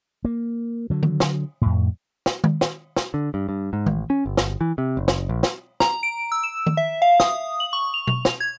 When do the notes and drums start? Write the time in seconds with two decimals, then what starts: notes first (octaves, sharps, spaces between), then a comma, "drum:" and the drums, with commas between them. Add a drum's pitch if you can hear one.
0.25 A#3
0.90 D3 F#3
1.03 drum: tom D#3
1.20 drum: snare
1.61 F2 A2
2.26 drum: snare
2.44 drum: tom D#3
2.61 drum: snare
2.97 drum: snare
3.14 D3
3.34 G2
3.49 G2
3.73 G#2
3.86 A1, drum: tom D#3
4.10 C#4
4.26 G1
4.37 drum: snare
4.61 E3
4.78 C3
4.97 F#1
5.08 drum: snare
5.29 A#1
5.43 drum: snare
5.80 A#5, drum: snare
6.03 D7
6.32 E6
6.43 E7
6.66 drum: tom D#3
6.77 E5
7.02 F5
7.20 D#6, drum: snare
7.60 F#7
7.73 C#6
7.94 F7
8.07 drum: tom B2
8.25 drum: snare
8.40 G#6